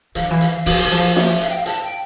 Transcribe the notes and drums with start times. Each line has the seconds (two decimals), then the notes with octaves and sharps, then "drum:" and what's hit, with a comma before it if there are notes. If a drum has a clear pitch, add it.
0.15 E3 F5, drum: hi-hat
0.23 D3
0.31 E3
0.41 drum: hi-hat
0.66 F3 F5, drum: open hi-hat
0.85 E3
0.91 F3, drum: hi-hat
1.16 E5, drum: snare
1.42 F5, drum: hi-hat
1.49 G5
1.56 F5
1.66 A5, drum: hi-hat
1.83 G5